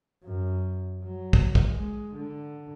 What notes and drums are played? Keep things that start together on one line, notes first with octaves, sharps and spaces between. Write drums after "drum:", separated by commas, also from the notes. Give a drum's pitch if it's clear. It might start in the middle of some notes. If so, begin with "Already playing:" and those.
F#2
F#3
drum: kick
drum: kick
G#3
D3